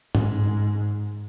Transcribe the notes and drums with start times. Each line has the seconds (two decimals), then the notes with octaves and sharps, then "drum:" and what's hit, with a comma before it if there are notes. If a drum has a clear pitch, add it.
0.15 G#2, drum: tom G2